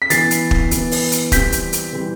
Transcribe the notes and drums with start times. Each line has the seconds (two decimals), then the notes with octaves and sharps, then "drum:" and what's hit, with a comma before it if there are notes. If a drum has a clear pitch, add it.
0.02 B6
0.10 E3 B3 A6 C7, drum: hi-hat
0.31 drum: hi-hat
0.51 drum: kick
0.71 E3 B3, drum: hi-hat
0.91 drum: open hi-hat
1.12 drum: hi-hat
1.32 E3 G3 C4 G6 B6, drum: kick, hi-hat
1.52 drum: hi-hat
1.73 drum: hi-hat
1.93 E3 G3 C4